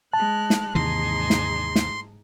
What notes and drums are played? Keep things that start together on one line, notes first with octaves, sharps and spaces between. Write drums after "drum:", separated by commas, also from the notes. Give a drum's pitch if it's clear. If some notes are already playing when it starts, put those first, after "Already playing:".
G#3 A5 F6 F#6
drum: snare
D#2 G#2 C3 E3 D#4 G#4 C6
drum: snare
drum: snare